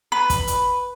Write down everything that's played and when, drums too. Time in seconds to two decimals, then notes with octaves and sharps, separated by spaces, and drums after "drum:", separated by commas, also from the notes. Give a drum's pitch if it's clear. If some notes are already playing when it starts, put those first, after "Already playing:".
0.12 B4
0.30 drum: kick, hi-hat
0.47 drum: hi-hat